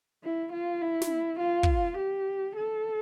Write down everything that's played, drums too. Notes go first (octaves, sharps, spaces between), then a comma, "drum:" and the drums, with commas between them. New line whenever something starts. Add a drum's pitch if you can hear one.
E4
F4
E4
drum: snare
F4
drum: kick
G4
A4